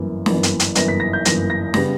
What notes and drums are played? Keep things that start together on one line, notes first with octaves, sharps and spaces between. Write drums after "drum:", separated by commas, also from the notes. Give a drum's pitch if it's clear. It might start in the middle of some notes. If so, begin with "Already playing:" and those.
Already playing: G1 F#2 E3 A#3
G1 F#2 E3 A#3, drum: snare
drum: hi-hat
drum: hi-hat
G1 F#2 E3 A#3 A#6, drum: hi-hat
B6
A#6
G6
G1 F#2 E3 A#3 A#6, drum: hi-hat
A#6
C#3 G3 B3 A#6, drum: snare